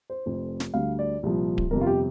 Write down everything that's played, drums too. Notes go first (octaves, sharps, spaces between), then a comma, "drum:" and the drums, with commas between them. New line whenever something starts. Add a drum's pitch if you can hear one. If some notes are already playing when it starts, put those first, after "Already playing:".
C5
F1 F2 F3
drum: snare
D2 D3 G3 F5
D5
C2 A#2 F3
drum: kick D1
G1 F2 C3 A#4
F4
G4